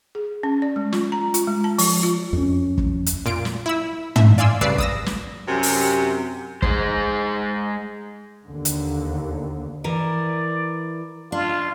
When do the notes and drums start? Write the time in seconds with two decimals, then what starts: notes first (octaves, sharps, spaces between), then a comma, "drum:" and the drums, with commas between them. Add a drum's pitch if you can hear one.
0.15 G#4
0.43 C#4
0.62 D5
0.76 G#3
0.93 F4, drum: snare
1.12 A#5
1.34 F4, drum: hi-hat
1.47 G#3
1.64 A5
1.78 F3, drum: open hi-hat
2.03 F4
2.33 F2 C#4
2.78 drum: kick
3.06 drum: hi-hat
3.26 A#2 F4 D7
3.45 drum: snare
3.66 E4 B5 E6
4.16 E5, drum: tom
4.38 D5 F5 G#5 C6 E6
4.61 C2 C#3 B4 D5 E6 C7
4.78 D#6 E6 A#6, drum: kick
5.06 drum: snare
5.48 F#2 C3
5.63 drum: open hi-hat
6.62 G#3 G#4 C5, drum: kick
8.46 D#2 D3
8.65 drum: hi-hat
9.84 E3 A#4 D5
11.32 D4 F4